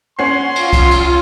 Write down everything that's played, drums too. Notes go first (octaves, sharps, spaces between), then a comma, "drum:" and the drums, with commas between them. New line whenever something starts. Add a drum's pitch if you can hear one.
C#4 F#5 C6 C7
F4, drum: cymbal
drum: kick C2, cymbal
drum: cymbal